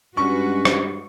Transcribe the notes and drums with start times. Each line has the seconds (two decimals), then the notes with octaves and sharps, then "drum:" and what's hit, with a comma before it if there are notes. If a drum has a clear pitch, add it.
0.17 G2 G#3 C#4 F#4 B4 C#6
0.65 drum: rim click